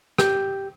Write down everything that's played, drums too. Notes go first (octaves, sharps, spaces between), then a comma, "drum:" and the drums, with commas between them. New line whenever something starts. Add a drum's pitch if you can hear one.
G4, drum: rim click